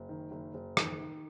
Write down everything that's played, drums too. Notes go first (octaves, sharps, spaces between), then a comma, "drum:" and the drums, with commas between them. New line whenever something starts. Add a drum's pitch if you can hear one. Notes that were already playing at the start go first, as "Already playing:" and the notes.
Already playing: F#1
D#3
F#1
F#1
D#3, drum: rim click
D#3